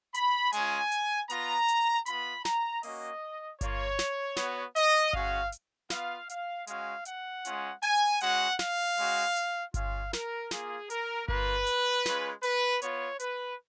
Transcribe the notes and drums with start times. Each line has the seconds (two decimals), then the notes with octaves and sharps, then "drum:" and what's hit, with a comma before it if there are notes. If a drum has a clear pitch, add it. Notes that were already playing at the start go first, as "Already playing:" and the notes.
0.14 B5, drum: hi-hat
0.53 G#3 C#4 F4 G#5, drum: hi-hat
0.92 drum: hi-hat
1.30 B3 F4 A#5, drum: hi-hat
1.68 drum: hi-hat
2.06 B3 F4 B5, drum: hi-hat
2.45 A#5, drum: snare
2.83 A#3 C#4 F#4 D#5, drum: open hi-hat
3.61 A#3 F4 C#5, drum: kick G1, hi-hat
3.99 drum: snare
4.36 B3 F#4, drum: snare
4.76 D#5, drum: hi-hat
5.13 G#3 C#4 F#4 F5, drum: kick G1
5.52 drum: hi-hat
5.90 B3 F4 F5, drum: snare
6.29 F5, drum: hi-hat
6.67 G#3 C#4 F#4 F5, drum: hi-hat
7.05 F#5, drum: hi-hat
7.45 G#3 C#4 F4, drum: hi-hat
7.82 G#5, drum: hi-hat
8.20 G#3 C#4 F#4 F#5, drum: hi-hat
8.59 F5, drum: snare
8.98 G#3 C#4 F#4, drum: open hi-hat
9.36 drum: hi-hat
9.74 G#3 C#4 F4 F5, drum: kick G1, hi-hat
10.13 A#4, drum: snare
10.51 A#3 F4 G#4, drum: snare
10.90 A#4, drum: hi-hat
11.28 A#3 F4 B4, drum: kick G1
11.67 drum: hi-hat
12.06 G#3 C#4 F4, drum: snare
12.43 B4, drum: hi-hat
12.82 B3 F4 C#5, drum: hi-hat
13.20 B4, drum: hi-hat